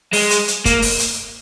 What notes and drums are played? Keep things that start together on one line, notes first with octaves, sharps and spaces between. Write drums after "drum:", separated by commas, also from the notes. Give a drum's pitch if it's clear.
G#3, drum: open hi-hat
drum: hi-hat
drum: hi-hat
A#3, drum: kick, hi-hat
drum: open hi-hat
drum: hi-hat